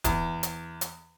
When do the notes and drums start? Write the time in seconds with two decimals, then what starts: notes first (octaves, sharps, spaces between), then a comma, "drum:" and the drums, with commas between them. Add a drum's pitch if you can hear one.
0.04 E2, drum: kick D1, hi-hat
0.43 drum: hi-hat
0.81 drum: hi-hat